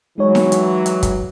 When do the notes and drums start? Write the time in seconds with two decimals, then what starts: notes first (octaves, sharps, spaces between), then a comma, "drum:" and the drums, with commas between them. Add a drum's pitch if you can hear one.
0.18 E3 F#3 G#3 D#4 C#5
0.35 drum: snare D#4
0.52 drum: hi-hat
0.86 drum: hi-hat
1.03 drum: kick, hi-hat